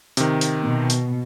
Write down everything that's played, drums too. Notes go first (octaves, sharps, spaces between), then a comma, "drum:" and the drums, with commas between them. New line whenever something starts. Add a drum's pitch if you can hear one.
C3 D#3, drum: hi-hat
drum: hi-hat
B2
drum: hi-hat